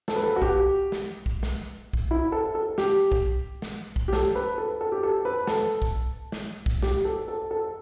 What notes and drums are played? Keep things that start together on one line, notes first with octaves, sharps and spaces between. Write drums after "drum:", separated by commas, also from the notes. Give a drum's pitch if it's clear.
A4, drum: snare
B4
A4
F#4
G4, drum: kick B1
drum: snare
drum: kick B1
drum: snare
drum: kick B1
E4
A4
A4
G4, drum: snare
drum: kick B1
drum: snare
drum: kick B1
G4
A4, drum: snare
B4
A4
A4
G4
A4
B4
A4, drum: snare
drum: kick B1
drum: snare
drum: kick B1
G4, drum: snare
A4
A4
A4